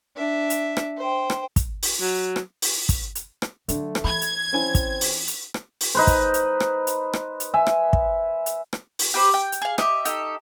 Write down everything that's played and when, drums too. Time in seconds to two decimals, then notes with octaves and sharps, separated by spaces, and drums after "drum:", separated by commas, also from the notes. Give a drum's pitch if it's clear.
0.17 D4 E5
0.50 drum: hi-hat
0.77 drum: rim click
0.97 C5 G5
1.30 drum: rim click
1.56 drum: kick, hi-hat
1.83 drum: open hi-hat
2.01 F#3
2.36 drum: rim click
2.62 drum: open hi-hat
2.89 drum: kick, hi-hat
3.15 drum: hi-hat
3.42 drum: rim click
3.69 D3 F#3 A3, drum: hi-hat
3.95 drum: rim click
4.04 E3 B5 G#6
4.21 drum: hi-hat
4.53 C4 C#4 E4 G#5
4.75 drum: kick, hi-hat
5.01 drum: open hi-hat
5.28 drum: hi-hat
5.54 drum: rim click
5.81 drum: open hi-hat
5.95 D#4 B4 C5
6.07 drum: kick, hi-hat
6.34 drum: hi-hat
6.60 drum: rim click
6.87 drum: hi-hat
7.13 drum: rim click
7.40 drum: hi-hat
7.54 E5 G#5
7.66 drum: rim click
7.93 drum: kick
8.46 drum: hi-hat
8.73 drum: rim click
8.99 drum: open hi-hat
9.14 G4 B4 C5
9.34 G5
9.52 drum: hi-hat
9.62 G#4 F5
9.78 G4 D#5 E5, drum: rim click
10.05 D#4 G4 A4, drum: hi-hat